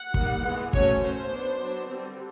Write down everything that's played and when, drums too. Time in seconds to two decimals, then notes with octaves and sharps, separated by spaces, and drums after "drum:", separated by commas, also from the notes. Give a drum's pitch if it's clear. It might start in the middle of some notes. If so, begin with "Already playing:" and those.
Already playing: F#5
0.14 D#3 G3 A#3, drum: kick
0.44 E3 G#3 B3
0.73 F#3 A3 C#4 C#5, drum: kick
1.03 F#3 A3 C#4 C5
1.32 F#3 B3 D4
1.62 F#3 B3 D4
1.90 D3 G3 C4